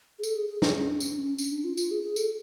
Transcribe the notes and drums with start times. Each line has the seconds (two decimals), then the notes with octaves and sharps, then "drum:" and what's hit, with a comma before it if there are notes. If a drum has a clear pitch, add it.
0.19 G#4
0.23 A4, drum: tambourine
0.36 G#4
0.48 G#4
0.62 G#4, drum: snare
0.75 C#4
0.88 D4
1.00 C#4, drum: tambourine
1.09 D4
1.18 C#4
1.38 C#4, drum: tambourine
1.52 D4
1.64 F4
1.77 F4, drum: tambourine
1.91 G#4
2.03 G#4
2.16 A4, drum: tambourine